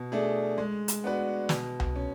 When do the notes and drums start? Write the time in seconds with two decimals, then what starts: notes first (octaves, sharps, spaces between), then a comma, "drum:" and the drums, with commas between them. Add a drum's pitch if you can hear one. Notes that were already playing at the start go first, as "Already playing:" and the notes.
Already playing: B2
0.12 A3 D4 G#4
0.58 G#3
0.88 drum: hi-hat
1.04 B3 D4 F#4 B4
1.49 B2, drum: snare
1.80 drum: tom C2
1.96 C#4